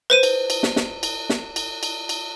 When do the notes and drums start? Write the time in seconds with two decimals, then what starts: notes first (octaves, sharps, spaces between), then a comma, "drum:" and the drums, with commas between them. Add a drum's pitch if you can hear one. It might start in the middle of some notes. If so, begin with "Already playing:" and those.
0.10 B4 C5 D#7
0.23 drum: cymbal
0.50 drum: cymbal
0.63 drum: snare
0.76 drum: snare
1.03 drum: cymbal
1.30 drum: snare
1.56 drum: cymbal
1.83 drum: cymbal
2.09 drum: cymbal